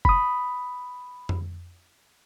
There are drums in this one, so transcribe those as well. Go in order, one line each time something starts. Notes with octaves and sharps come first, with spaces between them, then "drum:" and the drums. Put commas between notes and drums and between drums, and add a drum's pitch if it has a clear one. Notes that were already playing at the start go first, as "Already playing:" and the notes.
B5 D#6, drum: kick F#1
drum: tom F2